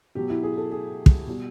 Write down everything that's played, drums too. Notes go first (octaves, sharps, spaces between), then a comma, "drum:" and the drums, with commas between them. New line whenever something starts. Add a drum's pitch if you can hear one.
B2 F#3 G4
E4
G#4
A4
G#4
drum: kick
B2 G3